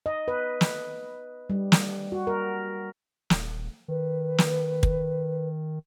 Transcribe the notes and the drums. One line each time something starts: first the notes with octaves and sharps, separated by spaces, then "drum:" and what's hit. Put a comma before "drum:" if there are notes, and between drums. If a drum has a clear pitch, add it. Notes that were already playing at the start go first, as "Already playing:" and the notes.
D#5
B4
drum: snare
G3
drum: snare
F#4
A#4
D#1, drum: snare
D#3 B4
drum: snare
drum: kick